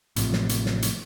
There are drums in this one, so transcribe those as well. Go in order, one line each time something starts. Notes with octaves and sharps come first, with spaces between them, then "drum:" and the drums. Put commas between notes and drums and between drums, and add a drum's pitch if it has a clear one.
A1 A2 C3 F3, drum: hi-hat
drum: snare
drum: hi-hat
drum: snare
drum: hi-hat